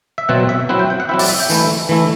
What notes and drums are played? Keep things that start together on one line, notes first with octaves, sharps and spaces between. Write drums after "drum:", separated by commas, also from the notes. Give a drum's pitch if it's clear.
E5
B2 F#3 C4 F#5
E5
F#3 C4 E4 F#5
G5
G5
F#5
F#3 C4 E4 E5
D5, drum: open hi-hat
E5
G5
E3 A3 E4, drum: tambourine
E3 A3 E4